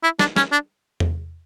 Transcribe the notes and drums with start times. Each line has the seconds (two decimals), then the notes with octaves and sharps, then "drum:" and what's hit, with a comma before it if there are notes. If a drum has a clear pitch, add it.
0.03 E4
0.19 D4, drum: snare
0.36 C#4, drum: snare
0.52 D4
1.00 drum: tom E2